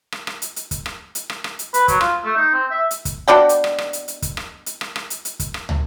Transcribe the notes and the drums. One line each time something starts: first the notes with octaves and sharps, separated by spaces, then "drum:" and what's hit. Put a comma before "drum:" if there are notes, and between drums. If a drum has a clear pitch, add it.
drum: rim click
drum: rim click
drum: hi-hat
drum: hi-hat
drum: kick, hi-hat
drum: rim click
drum: hi-hat
drum: rim click
drum: rim click
drum: hi-hat
B4, drum: hi-hat
F#3, drum: kick, hi-hat
F4, drum: rim click
A3
D#4
C4
E5
drum: hi-hat
drum: kick, hi-hat
B2 D4 D5 G5
drum: hi-hat
drum: rim click
drum: rim click
drum: hi-hat
drum: hi-hat
drum: kick, hi-hat
drum: rim click
drum: hi-hat
drum: rim click
drum: rim click
drum: hi-hat
drum: hi-hat
drum: kick, hi-hat
drum: rim click
drum: tom